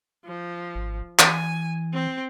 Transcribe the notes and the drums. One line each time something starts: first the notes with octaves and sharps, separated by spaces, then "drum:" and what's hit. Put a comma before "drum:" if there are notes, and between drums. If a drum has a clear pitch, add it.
F3
G#1
E3 G#5, drum: clap
C4